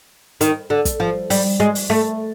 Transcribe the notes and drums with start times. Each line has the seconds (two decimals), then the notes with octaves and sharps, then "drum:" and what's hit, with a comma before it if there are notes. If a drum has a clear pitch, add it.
0.41 D#3, drum: hi-hat
0.70 D3
0.85 drum: kick, hi-hat
1.00 F3
1.30 G3, drum: open hi-hat
1.60 G#3
1.75 drum: open hi-hat
1.90 A3